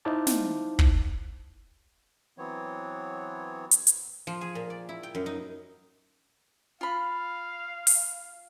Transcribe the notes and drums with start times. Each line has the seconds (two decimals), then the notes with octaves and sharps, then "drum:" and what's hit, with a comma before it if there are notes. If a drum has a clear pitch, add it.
0.05 D#4 E4 C5 F5 A5 D6
0.27 drum: snare
0.79 drum: kick
2.38 E3 F#3 B3 C4 C#5
3.71 drum: hi-hat
3.87 drum: hi-hat
4.27 F3
4.41 G#4
4.55 A#2
4.70 D5
4.89 E4
5.03 G5
5.15 F#2
5.26 D#4
6.81 F4 F5 B5
7.87 drum: open hi-hat